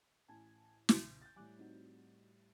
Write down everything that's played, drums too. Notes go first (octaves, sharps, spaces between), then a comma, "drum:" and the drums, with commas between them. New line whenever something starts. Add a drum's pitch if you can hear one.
A1 G#5 A5 G#6
A#2 C#3, drum: snare
G6 A6
A2 G3 G#5 D6 F#6
C4 D#4 F#4